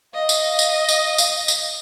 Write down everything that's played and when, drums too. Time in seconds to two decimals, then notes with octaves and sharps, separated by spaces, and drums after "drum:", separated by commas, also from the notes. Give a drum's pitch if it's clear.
0.14 D#5 F5
0.29 drum: tambourine
0.59 drum: tambourine
0.89 drum: tambourine
1.18 drum: tambourine
1.48 drum: tambourine